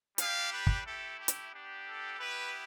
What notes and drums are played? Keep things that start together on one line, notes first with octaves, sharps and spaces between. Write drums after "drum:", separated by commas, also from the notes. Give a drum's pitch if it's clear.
G3 D4 G4 F5, drum: hi-hat
B4
drum: kick
A3 E4 G4 A4
G4
drum: hi-hat
B3 D4 G4
A4
B3 E4 G4 B4